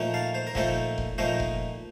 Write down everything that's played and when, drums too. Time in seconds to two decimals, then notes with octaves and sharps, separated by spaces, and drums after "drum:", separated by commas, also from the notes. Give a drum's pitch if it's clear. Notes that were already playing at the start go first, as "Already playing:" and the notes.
Already playing: A#2 F3 A3 D#4
0.14 F5 A5
0.35 C5
0.47 A#4
0.55 A#2 F3 A3 D#4 A4 C5, drum: kick F1
0.98 drum: kick F1
1.18 A#2 F3 A3 D#4 C5 D#5
1.40 drum: kick F1